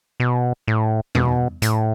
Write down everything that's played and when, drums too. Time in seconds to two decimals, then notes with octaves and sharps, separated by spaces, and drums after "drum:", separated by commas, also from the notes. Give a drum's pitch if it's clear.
0.20 B2
0.68 A2
1.15 B2, drum: tom E2
1.62 A2, drum: hi-hat